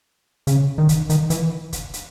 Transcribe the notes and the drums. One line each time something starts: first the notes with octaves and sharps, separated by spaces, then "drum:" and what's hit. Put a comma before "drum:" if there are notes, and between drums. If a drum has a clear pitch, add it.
C#3, drum: hi-hat
D#3
drum: kick, hi-hat
D#3, drum: hi-hat
E3, drum: hi-hat
drum: kick, hi-hat
drum: hi-hat